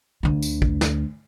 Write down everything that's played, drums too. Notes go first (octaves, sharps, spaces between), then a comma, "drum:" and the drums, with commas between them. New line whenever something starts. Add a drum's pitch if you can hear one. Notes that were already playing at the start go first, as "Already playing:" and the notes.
D2 D3
drum: tambourine
drum: kick
drum: snare